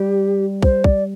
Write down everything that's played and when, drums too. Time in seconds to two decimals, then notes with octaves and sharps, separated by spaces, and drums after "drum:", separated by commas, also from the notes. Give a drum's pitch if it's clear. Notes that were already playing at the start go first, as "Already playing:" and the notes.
Already playing: G3 G4
0.62 C5, drum: kick
0.84 D5, drum: kick